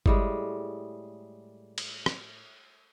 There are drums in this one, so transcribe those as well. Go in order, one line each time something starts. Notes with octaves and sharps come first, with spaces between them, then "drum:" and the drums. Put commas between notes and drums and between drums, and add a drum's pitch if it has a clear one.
A2 G3 G#3, drum: kick G1
drum: cymbal
drum: rim click